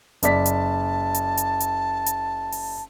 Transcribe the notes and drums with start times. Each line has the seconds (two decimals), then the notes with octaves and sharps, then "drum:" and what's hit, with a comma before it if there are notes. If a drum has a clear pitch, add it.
0.23 F#1 D5 A5 B6, drum: hi-hat
0.46 drum: hi-hat
1.14 drum: hi-hat
1.37 drum: hi-hat
1.60 drum: hi-hat
2.06 drum: hi-hat
2.52 drum: open hi-hat